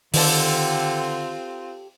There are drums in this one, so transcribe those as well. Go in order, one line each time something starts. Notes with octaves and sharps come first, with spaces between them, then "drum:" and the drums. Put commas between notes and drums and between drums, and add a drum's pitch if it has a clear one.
D3 D#3 C4 F4 G4 A4, drum: open hi-hat